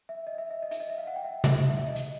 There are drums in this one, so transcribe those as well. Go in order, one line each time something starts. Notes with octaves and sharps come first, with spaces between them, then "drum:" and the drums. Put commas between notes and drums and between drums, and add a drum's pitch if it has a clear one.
E5
D#5
E5
E5
D#5
E5, drum: hi-hat
D#5
E5
F5
F#5
G5
E5
drum: tom
E5
D#5
drum: hi-hat